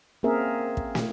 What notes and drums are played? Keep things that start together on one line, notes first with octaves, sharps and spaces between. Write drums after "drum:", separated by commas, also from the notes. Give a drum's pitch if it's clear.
A#3 C4 C#4 G#4 A#4 E5
drum: kick
drum: snare